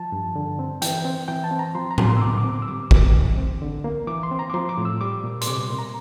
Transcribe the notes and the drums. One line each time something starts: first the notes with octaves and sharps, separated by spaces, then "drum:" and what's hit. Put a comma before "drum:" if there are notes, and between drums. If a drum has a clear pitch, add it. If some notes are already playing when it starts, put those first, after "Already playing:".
Already playing: F3 A5
G2
D3
C4
E3 G5, drum: hi-hat
C4
E3 G5
A5
C4
A#5
F3 C6
A#5
A2, drum: tom A2
C6
E6
D3 D6
D6
C4
D6
E6
G3 D6
A2, drum: kick
E3
C4
D3
A#3
E3 D6
C6
C4
A#5
D6
F3 C6
D6
A2
E6
G3 D6
A#2
C6, drum: hi-hat
C3 D6
C6
A#3
A#5